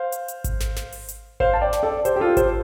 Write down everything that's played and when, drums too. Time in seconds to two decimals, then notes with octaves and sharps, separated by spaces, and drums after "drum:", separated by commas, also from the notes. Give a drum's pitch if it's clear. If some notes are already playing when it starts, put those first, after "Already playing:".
Already playing: C5 F5
0.12 drum: hi-hat
0.28 drum: hi-hat
0.44 drum: kick G#1, hi-hat
0.60 drum: snare
0.76 drum: snare
0.92 drum: open hi-hat
1.08 drum: hi-hat
1.40 C5 F5, drum: kick G#1
1.53 A5
1.61 D5 G5
1.73 drum: snare
1.83 A4 D5
2.05 G4 C5, drum: hi-hat
2.16 G4
2.20 F4 A4
2.37 G4 C5, drum: kick G#1, hi-hat